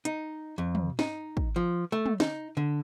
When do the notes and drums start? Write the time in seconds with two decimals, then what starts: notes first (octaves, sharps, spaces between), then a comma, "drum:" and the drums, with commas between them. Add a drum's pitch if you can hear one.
0.05 D#4, drum: hi-hat
0.58 F2
0.75 drum: tom
0.99 D#4, drum: snare
1.37 drum: kick
1.56 F3
1.92 A3
2.06 drum: tom
2.20 D#4, drum: snare
2.57 D3